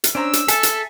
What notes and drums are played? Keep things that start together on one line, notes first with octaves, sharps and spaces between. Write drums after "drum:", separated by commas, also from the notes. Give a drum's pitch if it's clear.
drum: hi-hat
C#4 D4 C5 A#5 E6
drum: hi-hat
A4 E5 G#5 A5, drum: hi-hat
drum: hi-hat